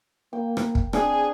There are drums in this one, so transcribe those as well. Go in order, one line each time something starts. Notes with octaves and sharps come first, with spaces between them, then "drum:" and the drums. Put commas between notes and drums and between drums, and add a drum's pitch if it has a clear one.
A#3 G5
drum: rim click
drum: kick
C4 D4 G#4 G5 G#5, drum: rim click